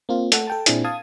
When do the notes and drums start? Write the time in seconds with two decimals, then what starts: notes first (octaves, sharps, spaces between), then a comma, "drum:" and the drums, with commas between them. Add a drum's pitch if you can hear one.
0.09 A#3 C4 F4
0.32 A3 A4 F#5, drum: hi-hat
0.47 A4 G5 A5
0.66 A#2 C4 D4 E4 G#4, drum: hi-hat
0.85 F5 A5 D#6 G#6